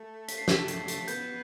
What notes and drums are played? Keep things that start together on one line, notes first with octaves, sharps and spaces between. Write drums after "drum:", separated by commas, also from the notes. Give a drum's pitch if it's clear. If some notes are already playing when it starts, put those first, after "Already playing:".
Already playing: A3
B6, drum: hi-hat
C7
B6, drum: snare
drum: hi-hat
drum: hi-hat
B3 G6, drum: hi-hat